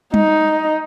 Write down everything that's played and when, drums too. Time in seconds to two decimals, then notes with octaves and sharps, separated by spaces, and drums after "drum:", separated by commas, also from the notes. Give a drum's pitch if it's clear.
0.14 D#4, drum: tom G3